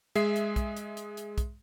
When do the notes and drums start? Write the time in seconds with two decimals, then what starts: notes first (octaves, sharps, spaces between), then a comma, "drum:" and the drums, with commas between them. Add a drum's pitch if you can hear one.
0.15 G#3 G#4 E5 C7, drum: hi-hat
0.36 drum: hi-hat
0.56 drum: kick, hi-hat
0.77 drum: hi-hat
0.97 drum: hi-hat
1.17 drum: hi-hat
1.38 drum: kick, hi-hat